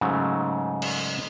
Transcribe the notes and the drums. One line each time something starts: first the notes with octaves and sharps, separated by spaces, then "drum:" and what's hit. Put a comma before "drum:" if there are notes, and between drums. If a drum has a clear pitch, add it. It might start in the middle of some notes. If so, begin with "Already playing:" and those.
G#2 C#3 F#3 A3
drum: cymbal